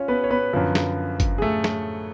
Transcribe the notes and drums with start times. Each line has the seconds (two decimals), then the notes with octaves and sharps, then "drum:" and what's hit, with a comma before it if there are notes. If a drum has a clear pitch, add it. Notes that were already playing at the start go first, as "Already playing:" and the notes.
Already playing: C#4 F4 C#5
0.08 B3 B4
0.24 C#5
0.31 B3 B4
0.53 F#2 D3 F3
0.75 drum: snare
1.20 drum: kick, hi-hat
1.38 G#4
1.42 A3 A4
1.64 drum: snare